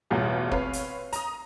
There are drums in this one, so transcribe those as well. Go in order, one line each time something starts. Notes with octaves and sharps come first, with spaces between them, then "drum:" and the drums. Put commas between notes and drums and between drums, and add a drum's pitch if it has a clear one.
A1 E2 B2 G3 F4 G#4
C4 B4 C#5 F5, drum: kick
drum: hi-hat
A#5 D#6, drum: hi-hat